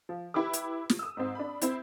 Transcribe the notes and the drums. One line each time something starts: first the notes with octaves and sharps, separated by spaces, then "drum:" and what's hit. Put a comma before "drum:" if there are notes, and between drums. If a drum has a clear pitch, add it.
F3
E4 G4 B4 D6
drum: hi-hat
drum: snare
D#6 E6
G#2 C4
D4 B5
C4 E4, drum: hi-hat